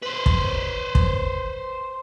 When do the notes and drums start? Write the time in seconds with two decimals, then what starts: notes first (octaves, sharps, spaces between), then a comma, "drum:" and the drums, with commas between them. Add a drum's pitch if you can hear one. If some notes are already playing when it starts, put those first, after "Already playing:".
0.03 B4 C5
0.26 drum: kick
0.95 drum: kick